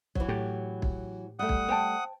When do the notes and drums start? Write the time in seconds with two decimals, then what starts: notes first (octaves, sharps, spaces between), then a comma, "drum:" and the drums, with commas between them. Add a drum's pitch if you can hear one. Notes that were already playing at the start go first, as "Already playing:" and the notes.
0.15 E3 F#3, drum: kick
0.29 A2 G4
0.82 drum: kick
1.39 G3 A3 F#5 D#6
1.49 drum: kick
1.68 C5 G5 A5